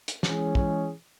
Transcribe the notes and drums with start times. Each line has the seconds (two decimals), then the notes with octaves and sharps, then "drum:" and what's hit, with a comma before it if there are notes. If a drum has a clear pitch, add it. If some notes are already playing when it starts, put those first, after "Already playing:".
0.08 drum: hi-hat
0.23 E3 G#3 C#4 G#4, drum: snare
0.55 drum: kick